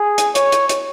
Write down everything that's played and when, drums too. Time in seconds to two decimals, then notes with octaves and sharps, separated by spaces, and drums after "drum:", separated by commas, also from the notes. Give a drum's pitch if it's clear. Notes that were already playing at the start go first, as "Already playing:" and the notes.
Already playing: G#4
0.18 drum: hi-hat
0.35 C#5, drum: hi-hat
0.52 drum: hi-hat
0.69 drum: hi-hat